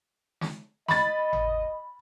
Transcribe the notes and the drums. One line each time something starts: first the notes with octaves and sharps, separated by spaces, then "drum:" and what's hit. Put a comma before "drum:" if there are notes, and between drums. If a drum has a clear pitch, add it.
drum: snare
D#5 B5 A6, drum: snare
drum: tom G#1